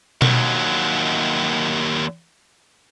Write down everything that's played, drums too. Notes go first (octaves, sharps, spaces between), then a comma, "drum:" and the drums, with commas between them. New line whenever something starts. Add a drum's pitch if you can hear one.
D#2 F#3, drum: tom B2